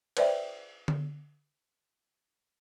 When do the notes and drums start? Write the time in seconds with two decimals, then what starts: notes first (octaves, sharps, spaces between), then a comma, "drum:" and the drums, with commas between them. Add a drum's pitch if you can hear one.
0.17 B4 C5 D5 E5 G5, drum: cymbal
0.88 drum: tom D3